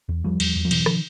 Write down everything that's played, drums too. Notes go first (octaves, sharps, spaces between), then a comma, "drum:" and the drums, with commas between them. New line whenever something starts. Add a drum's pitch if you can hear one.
E2
E2 F3 G3
E2, drum: cymbal
E2
F3
B2 E3 F#3, drum: cymbal
D#3 F3, drum: rim click